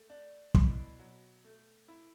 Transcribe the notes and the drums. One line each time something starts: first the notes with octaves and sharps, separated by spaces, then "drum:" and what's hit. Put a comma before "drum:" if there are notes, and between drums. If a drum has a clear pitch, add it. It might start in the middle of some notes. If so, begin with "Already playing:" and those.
Already playing: A3
D4
B2 E4, drum: kick
F#3
A3
E4